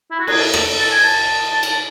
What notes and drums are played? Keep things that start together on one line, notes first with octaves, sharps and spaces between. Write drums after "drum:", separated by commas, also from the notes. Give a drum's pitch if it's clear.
E4
F#4
G#4, drum: cymbal
A4
drum: rim click
A4
G#5
A5
drum: cymbal